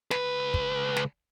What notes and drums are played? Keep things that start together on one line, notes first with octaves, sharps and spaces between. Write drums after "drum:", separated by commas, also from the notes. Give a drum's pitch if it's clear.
C#2 B4, drum: snare
drum: kick
drum: snare